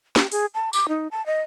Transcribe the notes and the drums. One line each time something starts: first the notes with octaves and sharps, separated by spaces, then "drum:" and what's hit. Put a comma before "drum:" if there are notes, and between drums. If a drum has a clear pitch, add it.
G4, drum: snare
G#4, drum: open hi-hat
A5
D6, drum: tambourine
D#4
A5
D#5